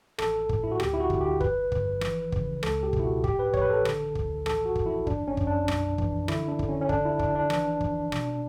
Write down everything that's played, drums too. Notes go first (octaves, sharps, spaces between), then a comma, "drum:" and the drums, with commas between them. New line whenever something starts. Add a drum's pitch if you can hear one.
A1 A4, drum: rim click
A2, drum: kick
E4
F#4
D2 G4, drum: rim click
E4
F#4
D3, drum: kick
G4
G1 B4, drum: kick
G1, drum: kick
E3, drum: rim click
C#3, drum: kick
C#2 A4, drum: rim click
G4
B2, drum: kick
E4
F#4
A2 G4, drum: kick
B4
A1 C#5, drum: kick
B4
A4
D3, drum: rim click
D2, drum: kick
A1 A4, drum: rim click
F#4
A1, drum: kick
E4
G1 D4, drum: kick
C#4
F#2, drum: kick
D4
B1, drum: rim click
E3, drum: kick
D3 E4, drum: rim click
D4
D3, drum: kick
C#4
C#4
D3 D4, drum: kick
E4
A1 D4, drum: kick
D4
E3, drum: rim click
G1, drum: kick
B2, drum: rim click